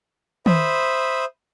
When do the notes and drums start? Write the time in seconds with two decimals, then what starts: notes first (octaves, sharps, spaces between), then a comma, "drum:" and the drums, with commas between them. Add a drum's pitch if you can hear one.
0.46 C5 E5 B5 D#6, drum: tom D#3